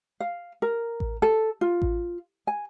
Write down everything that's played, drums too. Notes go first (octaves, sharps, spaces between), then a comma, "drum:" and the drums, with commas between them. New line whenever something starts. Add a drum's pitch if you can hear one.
F5
A#4
drum: kick A1
A4
F4
drum: kick A1
G#5